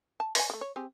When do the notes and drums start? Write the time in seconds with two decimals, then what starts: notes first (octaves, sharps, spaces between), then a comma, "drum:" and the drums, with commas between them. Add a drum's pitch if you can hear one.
0.20 A5
0.35 B4 D5 G#5, drum: open hi-hat
0.50 G#3 A3
0.61 C#5
0.76 C4 G4 G#4